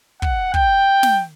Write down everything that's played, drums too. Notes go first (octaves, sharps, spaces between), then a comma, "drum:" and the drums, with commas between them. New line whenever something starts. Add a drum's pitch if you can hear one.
F#5, drum: kick
G5, drum: kick
drum: snare